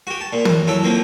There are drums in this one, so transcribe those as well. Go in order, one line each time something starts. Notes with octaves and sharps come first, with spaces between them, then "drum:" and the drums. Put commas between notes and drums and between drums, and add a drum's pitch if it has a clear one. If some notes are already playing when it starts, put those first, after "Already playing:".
F#4 G4
A5
A#2
F#2, drum: tom
F#3 E4 A4
F3 A#3 C4